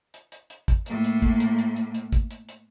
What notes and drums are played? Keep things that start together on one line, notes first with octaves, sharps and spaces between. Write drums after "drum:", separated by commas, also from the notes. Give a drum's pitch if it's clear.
drum: hi-hat
drum: hi-hat
drum: hi-hat
drum: kick, hi-hat
A2 A#3, drum: hi-hat
drum: hi-hat
drum: kick, hi-hat
drum: hi-hat
drum: hi-hat
drum: hi-hat
drum: hi-hat
drum: kick, hi-hat
drum: hi-hat
drum: hi-hat